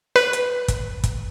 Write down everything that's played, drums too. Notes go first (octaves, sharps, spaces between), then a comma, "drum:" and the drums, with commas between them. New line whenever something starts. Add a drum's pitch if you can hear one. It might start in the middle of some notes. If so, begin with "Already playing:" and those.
B4
drum: hi-hat
drum: kick, hi-hat
drum: kick, hi-hat